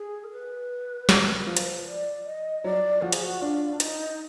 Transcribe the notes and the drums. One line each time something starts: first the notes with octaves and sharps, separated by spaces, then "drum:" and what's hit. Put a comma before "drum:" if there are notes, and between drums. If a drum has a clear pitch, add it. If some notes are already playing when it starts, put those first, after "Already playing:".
Already playing: G#4
A#4
B4
F#3, drum: snare
F3
drum: hi-hat
D5
D#5
F#3 D5
F3 F#4
G#4, drum: hi-hat
F#4
D4 F4
D4
D#4, drum: hi-hat